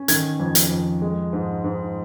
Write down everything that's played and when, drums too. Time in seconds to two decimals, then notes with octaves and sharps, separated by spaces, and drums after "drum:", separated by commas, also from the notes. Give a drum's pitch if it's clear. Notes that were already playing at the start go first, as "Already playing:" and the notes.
Already playing: C#4
0.08 D#3 G#6, drum: hi-hat
0.40 F2
0.55 drum: hi-hat
0.71 F2
1.02 G#3
1.33 G#2
1.64 G#2